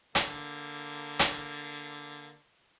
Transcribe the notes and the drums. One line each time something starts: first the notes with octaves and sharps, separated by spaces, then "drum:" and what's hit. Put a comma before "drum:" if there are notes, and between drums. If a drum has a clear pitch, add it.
D3 A#3, drum: hi-hat
drum: hi-hat